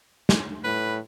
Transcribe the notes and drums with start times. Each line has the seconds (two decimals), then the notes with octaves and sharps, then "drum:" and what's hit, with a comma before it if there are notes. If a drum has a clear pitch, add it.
0.29 drum: snare
0.64 A2 B4